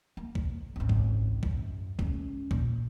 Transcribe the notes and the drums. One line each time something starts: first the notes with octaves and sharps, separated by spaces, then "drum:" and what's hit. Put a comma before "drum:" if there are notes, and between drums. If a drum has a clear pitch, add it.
A#3
drum: kick
G#1 C#2
drum: kick
F#2, drum: kick
G#3 C#4, drum: kick
A#2, drum: kick